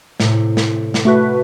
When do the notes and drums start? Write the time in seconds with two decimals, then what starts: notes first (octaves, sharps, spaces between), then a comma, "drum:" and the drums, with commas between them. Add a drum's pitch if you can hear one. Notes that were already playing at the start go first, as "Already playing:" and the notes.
0.20 A2 C3, drum: snare
0.57 drum: snare
0.94 drum: snare
1.05 A3 F#4 B4